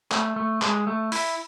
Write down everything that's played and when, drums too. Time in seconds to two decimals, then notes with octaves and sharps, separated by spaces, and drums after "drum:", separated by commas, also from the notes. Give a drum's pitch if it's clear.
0.11 A3, drum: clap
0.36 A3
0.62 G#3, drum: clap
0.87 A3
1.12 E4, drum: open hi-hat